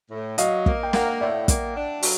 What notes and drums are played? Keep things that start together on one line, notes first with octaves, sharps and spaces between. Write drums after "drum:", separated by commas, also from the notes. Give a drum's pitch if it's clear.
A2
F#3 D#5 F5, drum: hi-hat
A#3, drum: kick
G5
A#3 F#5, drum: snare
F5
A2 D5 E5
A#3, drum: kick, hi-hat
D4
F#3, drum: open hi-hat